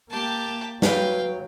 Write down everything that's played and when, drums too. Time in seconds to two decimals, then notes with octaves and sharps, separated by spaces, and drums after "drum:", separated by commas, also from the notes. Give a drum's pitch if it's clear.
0.10 A#3 G4 A5
0.82 F#3 B4 F5 G5, drum: snare